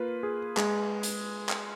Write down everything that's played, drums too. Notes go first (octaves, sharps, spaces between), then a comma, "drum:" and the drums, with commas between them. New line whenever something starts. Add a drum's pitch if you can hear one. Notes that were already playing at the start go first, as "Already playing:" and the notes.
Already playing: A#3 F4 B4
G#4
G#3, drum: clap
drum: hi-hat
drum: clap